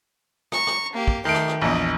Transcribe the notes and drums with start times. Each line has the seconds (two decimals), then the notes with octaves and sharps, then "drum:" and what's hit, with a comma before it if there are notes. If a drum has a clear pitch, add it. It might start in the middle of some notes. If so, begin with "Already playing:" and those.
0.52 A#5 C#6, drum: rim click
0.67 drum: rim click
0.92 A#3 G4
1.08 drum: kick
1.25 D#3 A3 C6 D7
1.35 drum: rim click
1.48 drum: rim click
1.62 A#1 E2 D#5